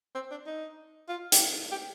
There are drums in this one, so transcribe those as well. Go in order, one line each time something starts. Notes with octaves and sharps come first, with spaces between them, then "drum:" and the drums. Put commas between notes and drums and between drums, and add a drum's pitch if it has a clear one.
C4
D4
D#4
F4
G4, drum: hi-hat
G4